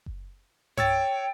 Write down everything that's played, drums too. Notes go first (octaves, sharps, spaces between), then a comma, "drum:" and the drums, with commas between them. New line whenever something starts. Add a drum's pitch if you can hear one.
drum: kick F#1
C#5 G5 E6 A6, drum: tom G2